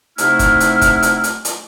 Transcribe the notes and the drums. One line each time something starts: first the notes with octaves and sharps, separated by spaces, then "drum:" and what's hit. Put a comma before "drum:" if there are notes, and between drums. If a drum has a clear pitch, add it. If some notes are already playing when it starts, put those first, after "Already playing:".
C3 A3 D#4 E4 F#5 F6, drum: hi-hat
drum: kick, hi-hat
drum: hi-hat
drum: kick, hi-hat
drum: hi-hat
drum: hi-hat
drum: hi-hat